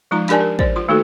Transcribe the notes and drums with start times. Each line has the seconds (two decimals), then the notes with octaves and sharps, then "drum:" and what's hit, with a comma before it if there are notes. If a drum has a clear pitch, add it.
0.11 F3 G#3 D#4 F4 A#5
0.29 D4 G4 A#4 D5 G#5 A5, drum: clap
0.41 A#4
0.59 C5 D5, drum: kick
0.76 F4 C6
0.88 D#3 A3 A#3 D#4 F#4 A4